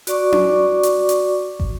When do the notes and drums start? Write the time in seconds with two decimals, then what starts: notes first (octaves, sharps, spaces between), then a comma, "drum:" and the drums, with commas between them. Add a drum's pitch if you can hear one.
0.07 F#4 D5 C#6 D6, drum: hi-hat
0.32 drum: tom C#4
0.83 drum: hi-hat
1.09 drum: hi-hat
1.60 drum: kick